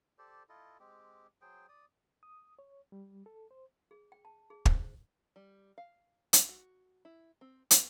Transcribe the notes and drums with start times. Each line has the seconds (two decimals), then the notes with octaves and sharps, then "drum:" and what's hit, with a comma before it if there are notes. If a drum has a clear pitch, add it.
0.18 G4 A4 C5 D5
0.49 E4 F4 A4 D#5
0.80 G#3 C4 G4
1.41 F#3 G#4 C5 G5
1.69 D5 D#6
2.23 D#6
2.59 C#5
2.92 G3
3.26 A4
3.51 C5
3.91 G#4
4.12 G5
4.25 A5
4.50 G#4
4.65 C5, drum: kick
5.36 G3
5.78 F5
6.33 drum: hi-hat
6.49 F#4
7.05 E4
7.41 C4
7.71 B3, drum: hi-hat